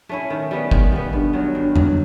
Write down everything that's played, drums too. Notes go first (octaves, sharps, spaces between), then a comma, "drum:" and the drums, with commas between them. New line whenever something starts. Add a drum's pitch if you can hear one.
A3 C#4 E4
D#3
G3 B3
D#3, drum: kick G1
G3 B3
G2
D#3 F#3
G2
D#3 F#3, drum: tom F2